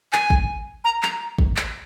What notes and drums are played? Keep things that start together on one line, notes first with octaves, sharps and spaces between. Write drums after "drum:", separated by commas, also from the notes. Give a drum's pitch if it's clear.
G#5, drum: clap
drum: kick
A#5
A#5, drum: clap
drum: kick
drum: clap